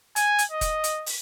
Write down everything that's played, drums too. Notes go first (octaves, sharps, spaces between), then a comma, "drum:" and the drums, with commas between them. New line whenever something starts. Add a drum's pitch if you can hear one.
G#5, drum: hi-hat
drum: hi-hat
D#5
drum: kick, hi-hat
drum: hi-hat
drum: open hi-hat